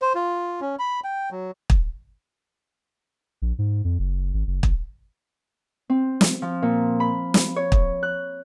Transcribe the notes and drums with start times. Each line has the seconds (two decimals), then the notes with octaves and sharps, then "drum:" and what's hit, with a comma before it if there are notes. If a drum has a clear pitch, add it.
0.02 C5
0.15 F4
0.61 C#4
0.79 B5
1.04 G5
1.32 F#3
1.70 drum: kick
3.42 A#1
3.58 G#2
3.84 F2
3.99 F#1
4.34 G#1
4.47 F#1
4.63 G#1, drum: kick
5.90 C4
6.21 drum: snare
6.42 F3
6.62 A#2
7.00 B5
7.34 drum: snare
7.56 C#5
7.72 drum: kick
8.03 F#6